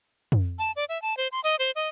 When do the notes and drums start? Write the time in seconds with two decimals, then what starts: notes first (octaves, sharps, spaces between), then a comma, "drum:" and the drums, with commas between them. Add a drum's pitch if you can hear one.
0.32 drum: tom
0.59 A5
0.76 D5
0.89 E5
1.02 A5
1.17 C5
1.32 C6
1.44 D#5, drum: tambourine
1.59 C5
1.75 D#5